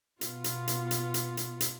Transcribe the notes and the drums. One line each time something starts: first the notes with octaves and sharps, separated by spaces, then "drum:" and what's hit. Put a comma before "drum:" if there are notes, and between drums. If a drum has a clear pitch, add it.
B2 B3 F4, drum: hi-hat
drum: hi-hat
drum: hi-hat
drum: hi-hat
drum: hi-hat
drum: hi-hat
drum: hi-hat